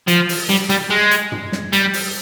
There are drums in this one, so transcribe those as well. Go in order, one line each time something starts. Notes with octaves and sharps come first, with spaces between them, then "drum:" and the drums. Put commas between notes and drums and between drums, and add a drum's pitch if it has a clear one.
F3, drum: hi-hat
drum: open hi-hat
G3, drum: hi-hat
G3, drum: hi-hat
G#3
drum: hi-hat
drum: tom
drum: snare
G3, drum: hi-hat
drum: open hi-hat